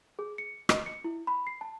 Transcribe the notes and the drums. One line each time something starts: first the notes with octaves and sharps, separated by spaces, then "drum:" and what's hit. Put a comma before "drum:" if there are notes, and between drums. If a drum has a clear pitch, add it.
G#4
C#7
D#5, drum: rim click
C#7
E4
B5
C7
A5